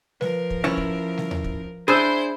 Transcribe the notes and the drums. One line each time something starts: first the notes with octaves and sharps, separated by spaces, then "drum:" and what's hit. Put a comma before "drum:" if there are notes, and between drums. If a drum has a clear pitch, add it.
F3 A#4 B4, drum: snare G3
drum: kick
C#4 E4 C#5, drum: snare G3
drum: kick
drum: snare G3
drum: tom D#2
drum: kick
D4 E4 G#4 C5 B5 E6 G6